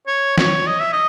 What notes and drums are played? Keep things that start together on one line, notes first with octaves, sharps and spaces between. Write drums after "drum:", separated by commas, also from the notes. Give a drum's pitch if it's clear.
C#5
C#5, drum: snare
D#5
E5
D#5